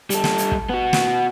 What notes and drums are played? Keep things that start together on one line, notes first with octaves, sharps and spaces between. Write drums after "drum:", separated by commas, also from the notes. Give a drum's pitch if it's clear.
G3 A4, drum: hi-hat
drum: snare
drum: hi-hat
drum: kick
B3 F#4
drum: snare